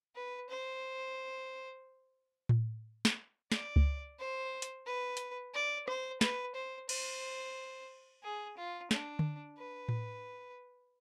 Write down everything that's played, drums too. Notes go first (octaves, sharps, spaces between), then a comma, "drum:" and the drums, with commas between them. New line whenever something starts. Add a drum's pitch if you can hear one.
B4
C5
drum: tom A2
drum: snare
D5, drum: snare
drum: kick C#2
C5
drum: hi-hat
B4
drum: hi-hat
D5
C5, drum: rim click
B4, drum: snare
C5
C5, drum: cymbal
G#4
F4
D4, drum: snare
drum: tom D3
B4
drum: tom A2